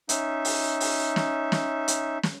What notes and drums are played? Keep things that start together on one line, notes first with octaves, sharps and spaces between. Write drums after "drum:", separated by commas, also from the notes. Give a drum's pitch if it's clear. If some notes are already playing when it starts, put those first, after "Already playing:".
C#4 D#4 E5, drum: hi-hat
drum: open hi-hat
drum: open hi-hat
drum: snare
drum: snare
drum: hi-hat
drum: snare